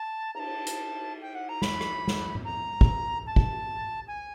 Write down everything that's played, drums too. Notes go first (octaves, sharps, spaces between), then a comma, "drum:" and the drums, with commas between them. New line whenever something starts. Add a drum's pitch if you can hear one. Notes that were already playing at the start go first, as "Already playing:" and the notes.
Already playing: A5
A#5, drum: cymbal
A5
drum: hi-hat
G5
F#5
A#5
B5, drum: snare
drum: rim click
drum: snare
drum: tom A2
A#5
drum: kick
A5
drum: kick
G#5